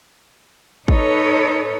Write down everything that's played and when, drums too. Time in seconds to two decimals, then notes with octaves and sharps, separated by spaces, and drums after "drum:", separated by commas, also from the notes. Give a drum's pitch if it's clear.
0.88 D#4 A4 B4 C#5, drum: kick